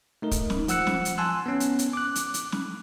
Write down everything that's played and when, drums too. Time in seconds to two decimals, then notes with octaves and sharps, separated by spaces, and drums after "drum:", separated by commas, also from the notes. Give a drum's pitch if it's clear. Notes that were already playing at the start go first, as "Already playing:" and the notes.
0.22 A3 D#4 A#4
0.31 drum: kick, hi-hat
0.50 drum: snare
0.68 F3 F#5 E6 F#6 C#7, drum: hi-hat
0.87 drum: snare
1.05 drum: hi-hat
1.18 G#5 A5 C6 E6 F#6
1.46 B3 C#4
1.60 drum: hi-hat
1.79 drum: hi-hat
1.93 D6 F#6
2.15 drum: hi-hat
2.34 drum: hi-hat
2.52 drum: snare